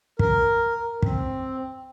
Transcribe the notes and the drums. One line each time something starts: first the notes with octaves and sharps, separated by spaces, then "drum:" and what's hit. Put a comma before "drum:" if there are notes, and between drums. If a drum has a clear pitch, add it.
A#4, drum: kick
C4, drum: kick